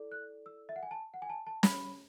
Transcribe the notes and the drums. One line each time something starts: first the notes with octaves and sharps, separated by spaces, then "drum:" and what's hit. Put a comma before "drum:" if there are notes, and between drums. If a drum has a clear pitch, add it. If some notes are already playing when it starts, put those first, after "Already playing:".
Already playing: E4 A4 D5
F#6
E6
E5
F#5
G#5
A5
F#5
G#5
A5
A5
B5, drum: snare